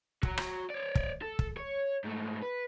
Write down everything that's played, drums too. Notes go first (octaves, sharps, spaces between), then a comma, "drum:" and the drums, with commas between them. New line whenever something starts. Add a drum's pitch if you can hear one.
F#4 A#5, drum: kick
drum: rim click
C#5 D5
drum: kick
A4
drum: kick
C#5
G#2 A3
B4